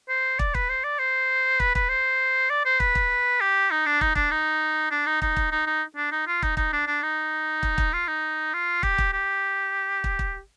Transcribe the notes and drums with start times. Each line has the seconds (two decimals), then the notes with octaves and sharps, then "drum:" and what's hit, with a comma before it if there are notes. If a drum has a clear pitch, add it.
0.09 C5
0.39 D5, drum: kick
0.54 B4, drum: kick
0.69 C5
0.84 D5
0.99 C5
1.60 B4, drum: kick
1.75 B4, drum: kick
1.89 C5
2.50 D5
2.65 C5
2.80 B4, drum: kick
2.95 drum: kick
3.41 G4
3.71 D#4
3.86 D4
4.01 D#4, drum: kick
4.15 D4, drum: kick
4.31 D#4
4.91 D4
5.06 D#4
5.22 D#4, drum: kick
5.37 drum: kick
5.52 D#4
5.67 D#4
5.96 D4
6.12 D#4
6.27 F4
6.42 D#4, drum: kick
6.57 D#4, drum: kick
6.73 D4
6.87 D4
7.03 D#4
7.63 drum: kick
7.78 drum: kick
7.93 F4
8.08 D#4
8.54 F4
8.83 G4, drum: kick
8.98 drum: kick
9.13 G4
10.04 drum: kick
10.19 drum: kick